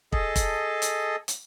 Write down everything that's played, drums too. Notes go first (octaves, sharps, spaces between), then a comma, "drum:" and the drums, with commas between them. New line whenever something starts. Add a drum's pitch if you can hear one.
G#4 A4 D#5 A5, drum: kick
drum: kick, hi-hat
drum: hi-hat
drum: hi-hat